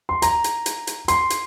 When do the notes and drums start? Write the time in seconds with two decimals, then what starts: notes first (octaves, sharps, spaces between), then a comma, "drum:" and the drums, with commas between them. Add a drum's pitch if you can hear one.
0.09 C6
0.22 A#5, drum: hi-hat
0.44 drum: hi-hat
0.66 drum: hi-hat
0.87 drum: hi-hat
1.08 C6, drum: hi-hat
1.30 drum: hi-hat